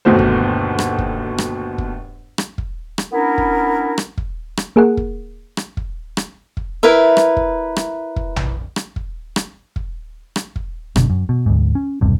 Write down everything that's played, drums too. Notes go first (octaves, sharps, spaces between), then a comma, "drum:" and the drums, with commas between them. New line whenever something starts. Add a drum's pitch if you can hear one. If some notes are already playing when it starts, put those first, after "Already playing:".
G1 D#2 B2 A3 F#4 C5
drum: kick
drum: rim click
drum: kick
drum: rim click
drum: kick
drum: rim click
drum: kick
drum: rim click
B3 C#4 D4 E4 A#4
drum: kick
drum: rim click
drum: kick
drum: rim click
A#3 G#4 A#4 F#5
drum: kick
drum: rim click
drum: kick
drum: rim click
drum: kick
E4 A#4 B4 E5
drum: rim click
drum: kick
drum: rim click
drum: kick
drum: tom A#1
drum: rim click
drum: kick
drum: rim click
drum: kick
drum: rim click
drum: kick
F#1 F#2 B2 D3, drum: rim click
F#2
B2
D2 G#2
C#4
E1 B1 G2 C3